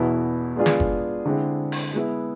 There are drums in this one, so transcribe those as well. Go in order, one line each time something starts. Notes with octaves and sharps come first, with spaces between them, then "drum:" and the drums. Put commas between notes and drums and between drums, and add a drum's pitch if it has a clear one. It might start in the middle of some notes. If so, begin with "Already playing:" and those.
Already playing: E2 B2 B3 E4
G#3 B3 D4 F4 G#4
drum: snare
drum: kick F#1
D3 G#3 C4 E4
drum: open hi-hat
G#3 B3 E4